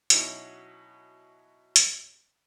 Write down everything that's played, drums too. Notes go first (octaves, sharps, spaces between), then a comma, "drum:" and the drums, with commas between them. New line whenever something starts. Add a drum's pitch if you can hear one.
B2 F#3 C#4 D#4 E4, drum: hi-hat
drum: hi-hat